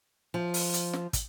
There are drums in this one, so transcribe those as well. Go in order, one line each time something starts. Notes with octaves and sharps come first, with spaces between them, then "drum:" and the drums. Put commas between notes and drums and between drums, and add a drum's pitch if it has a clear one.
F3
drum: open hi-hat
drum: hi-hat
drum: snare
drum: kick, hi-hat